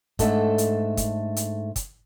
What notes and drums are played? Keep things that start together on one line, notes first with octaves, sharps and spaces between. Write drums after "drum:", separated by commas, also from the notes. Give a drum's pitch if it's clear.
G#2 A3 D4 A4 E5, drum: kick, hi-hat
drum: hi-hat
drum: kick, hi-hat
drum: hi-hat
drum: kick, hi-hat